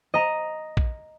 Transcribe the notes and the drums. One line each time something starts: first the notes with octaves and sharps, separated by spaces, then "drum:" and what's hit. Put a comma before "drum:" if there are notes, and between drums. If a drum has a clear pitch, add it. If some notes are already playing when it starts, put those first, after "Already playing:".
D#5 A#5
drum: kick A#1